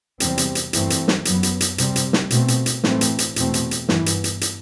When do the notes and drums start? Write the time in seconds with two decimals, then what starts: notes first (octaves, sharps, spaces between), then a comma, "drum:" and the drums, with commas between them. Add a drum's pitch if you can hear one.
0.20 E2 C3 G3 C4, drum: hi-hat
0.38 drum: hi-hat
0.55 drum: hi-hat
0.73 G2 E3 A3 C4, drum: hi-hat
0.90 drum: hi-hat
1.08 drum: snare
1.25 F#2 F#3 B3, drum: hi-hat
1.43 drum: hi-hat
1.60 drum: hi-hat
1.78 C3 G3 C4, drum: hi-hat
1.96 drum: hi-hat
2.13 drum: snare
2.30 B2 A3 C4, drum: hi-hat
2.48 drum: hi-hat
2.66 drum: hi-hat
2.84 A2 E3 A3 C4, drum: snare
3.01 drum: hi-hat
3.19 drum: hi-hat
3.36 E2 B2 A3 C4, drum: hi-hat
3.54 drum: hi-hat
3.71 drum: hi-hat
3.89 G2 E3 B3, drum: snare
4.06 drum: hi-hat
4.24 drum: hi-hat
4.41 drum: hi-hat